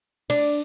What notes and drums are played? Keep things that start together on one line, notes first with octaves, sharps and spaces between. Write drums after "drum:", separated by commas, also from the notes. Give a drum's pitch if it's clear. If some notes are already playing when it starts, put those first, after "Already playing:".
D4, drum: cymbal